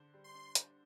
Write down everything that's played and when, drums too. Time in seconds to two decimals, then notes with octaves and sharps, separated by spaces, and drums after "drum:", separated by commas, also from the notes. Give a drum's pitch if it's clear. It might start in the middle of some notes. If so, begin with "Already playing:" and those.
Already playing: D3 D4 C5
0.14 G3
0.24 C6
0.35 D4
0.55 C5, drum: hi-hat